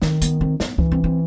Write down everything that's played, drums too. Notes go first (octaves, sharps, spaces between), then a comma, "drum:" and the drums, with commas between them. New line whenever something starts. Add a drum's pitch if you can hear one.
D#3 C4, drum: snare
B3, drum: hi-hat
C4
B3, drum: snare
E3 C#4, drum: kick C#2
C4
C4